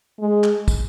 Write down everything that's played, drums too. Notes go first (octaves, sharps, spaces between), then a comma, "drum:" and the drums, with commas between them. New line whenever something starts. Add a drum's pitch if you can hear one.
G#3
drum: clap
drum: kick, tambourine